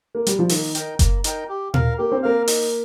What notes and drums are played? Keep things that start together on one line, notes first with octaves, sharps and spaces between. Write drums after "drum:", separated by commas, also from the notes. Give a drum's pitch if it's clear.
A#3
G3, drum: hi-hat
F3
D#3 A#3, drum: open hi-hat
D#4 A#4 G5, drum: hi-hat
A#3, drum: kick F#1, hi-hat
D#4 A#4 G5, drum: hi-hat
G4
A#4 F5, drum: tom A#2
A#3 G4
C4
A#3 A#4 F5
D#4, drum: open hi-hat